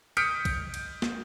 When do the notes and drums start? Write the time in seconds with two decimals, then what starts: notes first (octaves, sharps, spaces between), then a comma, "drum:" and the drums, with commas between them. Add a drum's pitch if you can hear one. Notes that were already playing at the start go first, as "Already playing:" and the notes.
0.17 D#6 F6 G6 B6 C#7 D7, drum: cymbal
0.45 drum: kick B1, cymbal
0.74 drum: cymbal
1.02 drum: snare